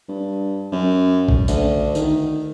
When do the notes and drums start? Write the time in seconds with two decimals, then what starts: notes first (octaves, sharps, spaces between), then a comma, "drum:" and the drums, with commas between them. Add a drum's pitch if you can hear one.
0.09 G2
0.73 F#2
1.29 drum: kick A#1
1.48 D2, drum: tambourine
1.95 D#3, drum: tambourine